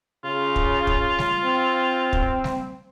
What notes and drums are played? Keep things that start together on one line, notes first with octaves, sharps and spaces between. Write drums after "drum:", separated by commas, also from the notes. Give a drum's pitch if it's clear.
C#3 F4
drum: kick
drum: kick
drum: snare G3
C4
drum: kick
drum: snare G3